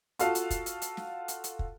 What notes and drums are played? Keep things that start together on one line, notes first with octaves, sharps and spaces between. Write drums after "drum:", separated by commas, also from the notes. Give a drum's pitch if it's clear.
F4 F#4 A4 F5, drum: hi-hat
drum: hi-hat
drum: kick, hi-hat
drum: hi-hat
drum: hi-hat
drum: snare
drum: hi-hat
drum: hi-hat
drum: kick